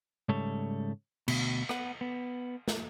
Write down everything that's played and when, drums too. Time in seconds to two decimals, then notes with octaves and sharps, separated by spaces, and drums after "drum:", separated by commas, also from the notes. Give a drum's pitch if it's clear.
0.29 G#2 C#3 G3 A3 A4 C#5
1.28 D2 B2, drum: cymbal
1.69 B3 F#5, drum: rim click
2.01 B3
2.68 drum: snare